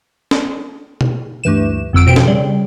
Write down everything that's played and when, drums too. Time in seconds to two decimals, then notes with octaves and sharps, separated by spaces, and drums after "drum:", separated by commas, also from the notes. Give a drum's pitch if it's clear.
0.31 drum: snare
1.01 drum: tom B2
1.44 D2 G2 E3 E7
1.93 G1 F2 E6 D7
2.07 B2 F3 G5 D7
2.16 drum: snare
2.25 C#3 G3